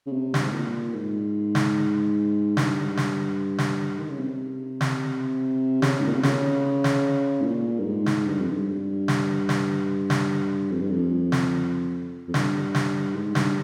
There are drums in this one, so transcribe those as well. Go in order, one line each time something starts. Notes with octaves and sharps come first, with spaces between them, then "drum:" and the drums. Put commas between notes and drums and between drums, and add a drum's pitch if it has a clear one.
C#3
C3
G2, drum: snare
G#2
A#2
G#2
drum: snare
G2, drum: snare
drum: snare
drum: snare
D#3
C#3
C3
drum: snare
C#3, drum: snare
G#2
A#2
C3
C#3, drum: snare
drum: snare
G#2
A#2
G2
G#2
drum: snare
G2
F2
G2
drum: snare
drum: snare
drum: snare
F2
G2
F2
drum: snare
F2
G2, drum: snare
drum: snare
G#2
G2, drum: snare